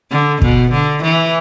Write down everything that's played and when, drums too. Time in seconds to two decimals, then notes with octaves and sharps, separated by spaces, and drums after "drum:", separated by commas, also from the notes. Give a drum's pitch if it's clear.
0.11 D3
0.42 B2, drum: kick
0.72 D3
1.02 E3